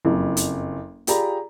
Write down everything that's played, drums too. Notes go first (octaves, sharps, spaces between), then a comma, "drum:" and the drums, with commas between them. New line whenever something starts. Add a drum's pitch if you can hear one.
F#1 F2
drum: hi-hat
F4 G4 G#4 D5 A#5 B5, drum: hi-hat